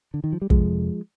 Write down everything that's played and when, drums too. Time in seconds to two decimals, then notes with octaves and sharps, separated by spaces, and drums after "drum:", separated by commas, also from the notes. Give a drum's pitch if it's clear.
0.14 D3
0.24 D#3
0.33 F3
0.42 G3
0.50 F2 C3 F3 G#3, drum: kick